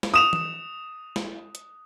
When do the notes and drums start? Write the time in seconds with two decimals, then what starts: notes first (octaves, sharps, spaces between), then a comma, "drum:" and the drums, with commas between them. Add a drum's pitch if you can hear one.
0.03 drum: snare
0.14 D#6 E7 F7
0.33 drum: tom
1.16 drum: snare
1.55 drum: hi-hat